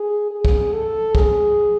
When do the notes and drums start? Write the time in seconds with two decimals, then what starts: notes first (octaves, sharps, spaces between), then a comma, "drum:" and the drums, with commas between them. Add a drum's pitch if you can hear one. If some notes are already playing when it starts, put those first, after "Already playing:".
Already playing: G#4
0.31 G#4
0.45 drum: kick
0.73 A4
1.15 G#4, drum: kick